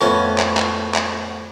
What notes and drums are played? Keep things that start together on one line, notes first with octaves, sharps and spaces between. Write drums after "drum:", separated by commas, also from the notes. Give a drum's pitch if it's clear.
F2 A2 B3 C#4
drum: clap
drum: clap
drum: clap